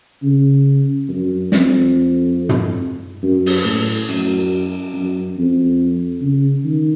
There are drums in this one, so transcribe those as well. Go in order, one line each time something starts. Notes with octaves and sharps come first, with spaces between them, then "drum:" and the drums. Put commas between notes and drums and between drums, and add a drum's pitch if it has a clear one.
C#3
F#2
F2, drum: snare
drum: tom
F#2
drum: open hi-hat
A2
F#2, drum: cymbal
F#2
F2
C#3
D#3